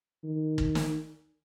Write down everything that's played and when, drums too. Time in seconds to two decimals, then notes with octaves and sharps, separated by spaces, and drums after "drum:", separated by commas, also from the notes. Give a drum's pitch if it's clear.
0.24 D#3
0.58 drum: kick
0.75 drum: snare